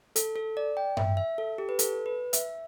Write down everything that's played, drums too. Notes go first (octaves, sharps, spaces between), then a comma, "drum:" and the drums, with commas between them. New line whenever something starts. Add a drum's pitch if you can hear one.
A4, drum: hi-hat
A4
D5
G5
E5, drum: tom G2
E5
A4
G4
B4
A4, drum: hi-hat
B4
E5, drum: hi-hat